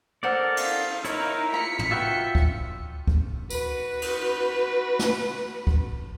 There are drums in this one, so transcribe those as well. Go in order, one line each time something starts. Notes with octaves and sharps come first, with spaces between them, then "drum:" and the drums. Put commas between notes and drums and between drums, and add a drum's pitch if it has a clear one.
D4 A4 A#4 C5 D5 F#5
F5, drum: cymbal
D#4 E4 A#4 C#5, drum: hi-hat
F4 A#5 B6 C#7
drum: tom
F4 F#4 B4 E5 G5
drum: kick D2
drum: kick D2
F#4 B4, drum: tambourine
drum: cymbal
drum: snare
drum: kick D2